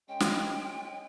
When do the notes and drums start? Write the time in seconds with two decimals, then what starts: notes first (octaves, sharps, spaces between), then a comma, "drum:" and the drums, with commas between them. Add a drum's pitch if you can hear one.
0.08 G#3 C#4 G5
0.20 drum: snare